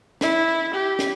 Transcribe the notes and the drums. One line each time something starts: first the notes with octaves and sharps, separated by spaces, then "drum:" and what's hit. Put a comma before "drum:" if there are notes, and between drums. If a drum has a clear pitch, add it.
E4, drum: snare
G4
drum: snare